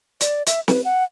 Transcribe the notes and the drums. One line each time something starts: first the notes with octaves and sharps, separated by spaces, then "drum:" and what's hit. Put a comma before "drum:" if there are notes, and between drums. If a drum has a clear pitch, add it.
D5, drum: hi-hat
E5, drum: hi-hat
B4, drum: snare
F#5